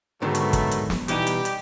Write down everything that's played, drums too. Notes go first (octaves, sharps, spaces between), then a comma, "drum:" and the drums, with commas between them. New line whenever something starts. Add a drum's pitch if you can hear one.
G#2 B2 D3 D#3 F#3 A3
drum: hi-hat
drum: kick, hi-hat
drum: hi-hat
drum: snare
B2 E3 G3 D#4 G4, drum: hi-hat
drum: hi-hat
drum: hi-hat